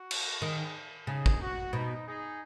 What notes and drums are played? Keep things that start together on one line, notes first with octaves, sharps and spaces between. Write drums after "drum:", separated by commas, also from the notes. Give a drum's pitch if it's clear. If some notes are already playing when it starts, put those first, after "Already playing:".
Already playing: F#4
drum: cymbal
D#3 D#4 G#4
C#3 D#4 G#4
drum: kick
F#4
B2 D#4
D#4 G#4